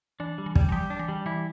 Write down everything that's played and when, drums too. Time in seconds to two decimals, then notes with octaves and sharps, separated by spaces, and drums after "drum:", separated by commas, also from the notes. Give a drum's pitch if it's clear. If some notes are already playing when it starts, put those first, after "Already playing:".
0.20 E3 D4
0.38 G3
0.46 E3
0.55 G3, drum: kick
0.69 E3
0.72 F3 G4
0.90 D4
0.99 E3
1.09 G3
1.26 E3 E4